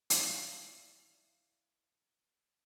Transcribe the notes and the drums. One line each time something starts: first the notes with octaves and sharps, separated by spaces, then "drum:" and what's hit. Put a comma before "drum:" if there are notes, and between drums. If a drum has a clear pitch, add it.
E4 D5 E5 F5, drum: hi-hat